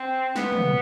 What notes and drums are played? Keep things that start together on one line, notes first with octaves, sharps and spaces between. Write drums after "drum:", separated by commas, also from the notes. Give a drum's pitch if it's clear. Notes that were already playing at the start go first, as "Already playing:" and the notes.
Already playing: C4
B3, drum: snare
drum: tom